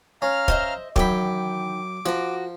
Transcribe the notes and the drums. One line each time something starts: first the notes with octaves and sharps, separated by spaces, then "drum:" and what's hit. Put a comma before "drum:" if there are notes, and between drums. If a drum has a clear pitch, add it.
C#4 F5 A#5 F6
C5 D#5 E5, drum: kick
F#2 D#3 E3 G5 B5 D6, drum: kick
F3 F#4 A#4